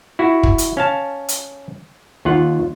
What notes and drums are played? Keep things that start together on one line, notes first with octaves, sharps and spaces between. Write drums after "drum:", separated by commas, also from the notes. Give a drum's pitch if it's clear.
E4 F#4
drum: kick
drum: hi-hat
C#4 F5 A5
drum: hi-hat
D#2 F4 F#5